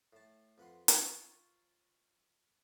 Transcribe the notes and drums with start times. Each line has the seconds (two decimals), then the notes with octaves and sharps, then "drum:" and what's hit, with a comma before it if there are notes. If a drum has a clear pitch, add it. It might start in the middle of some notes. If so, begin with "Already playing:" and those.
0.13 A2 A5
0.58 F2 B4 F#5 C6
0.88 F4 A#4 C5 C#5 A5, drum: hi-hat